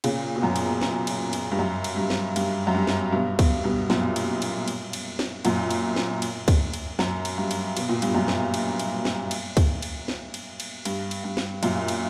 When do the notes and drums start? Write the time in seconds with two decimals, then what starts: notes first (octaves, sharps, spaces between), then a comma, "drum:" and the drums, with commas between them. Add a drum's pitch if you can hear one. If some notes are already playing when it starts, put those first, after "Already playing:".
0.04 A#2 C#3, drum: cymbal
0.36 B2
0.42 F#2 A#2
0.56 drum: cymbal
0.81 drum: snare
1.07 drum: cymbal
1.33 drum: cymbal
1.52 G2
1.59 F#2
1.84 drum: cymbal
1.97 G2
2.10 drum: snare
2.36 G2, drum: cymbal
2.67 F#2
2.75 G2
2.87 drum: snare
3.12 G2 B2
3.39 drum: kick C#2, cymbal
3.64 G2 B2
3.90 F#2 A#2, drum: snare
4.16 drum: cymbal
4.42 drum: cymbal
4.68 drum: cymbal
4.93 drum: cymbal
5.19 drum: snare
5.45 F#2 A#2, drum: cymbal
5.71 drum: cymbal
5.96 drum: snare
6.22 drum: cymbal
6.48 drum: kick C#2, cymbal
6.74 drum: cymbal
6.99 F#2, drum: snare
7.25 drum: cymbal
7.38 G2
7.51 drum: cymbal
7.77 B2, drum: cymbal
7.89 A#2
8.02 G2, drum: cymbal
8.14 F#2 A#2
8.28 drum: snare
8.54 drum: cymbal
8.79 drum: cymbal
9.05 drum: snare
9.31 drum: cymbal
9.57 drum: kick C#2, cymbal
9.82 drum: cymbal
10.08 drum: snare
10.34 drum: cymbal
10.60 drum: cymbal
10.85 G2, drum: cymbal
11.11 drum: cymbal
11.24 G2
11.37 drum: snare
11.63 F#2 A#2, drum: cymbal
11.88 drum: cymbal